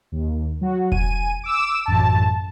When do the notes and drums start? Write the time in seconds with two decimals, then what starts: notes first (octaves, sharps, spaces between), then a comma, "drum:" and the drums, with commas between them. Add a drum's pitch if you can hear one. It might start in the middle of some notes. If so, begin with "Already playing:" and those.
0.12 D#2
0.61 F#3 F#4
0.92 G#5 D#7, drum: kick E1
1.44 D6 E6 E7
1.86 A1 F#2 A5